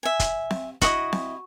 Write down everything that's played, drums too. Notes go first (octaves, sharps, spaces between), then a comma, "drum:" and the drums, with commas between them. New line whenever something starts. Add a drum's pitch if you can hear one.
E5 G#5
drum: kick, hi-hat
drum: snare C4
E4 F#4 D#5 D#6, drum: kick, hi-hat
drum: snare C4